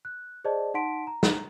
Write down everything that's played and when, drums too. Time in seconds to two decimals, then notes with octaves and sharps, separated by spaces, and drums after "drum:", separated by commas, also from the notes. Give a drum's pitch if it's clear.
0.05 F#6
0.44 G#4 C5 D5 D#5 A5
0.74 D#4 F#5 A5 C6 B6 D7
1.07 A#5
1.23 drum: snare